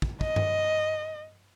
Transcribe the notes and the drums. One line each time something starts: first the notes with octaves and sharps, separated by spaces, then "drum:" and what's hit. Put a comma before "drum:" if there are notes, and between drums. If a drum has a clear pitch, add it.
drum: kick
D#5, drum: kick
drum: tom G2